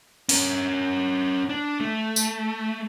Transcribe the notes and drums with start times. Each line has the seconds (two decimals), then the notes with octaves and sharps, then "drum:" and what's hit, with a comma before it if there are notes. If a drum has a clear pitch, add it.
0.29 C#4 A#4, drum: open hi-hat
1.50 D4
1.80 A3
2.16 drum: tambourine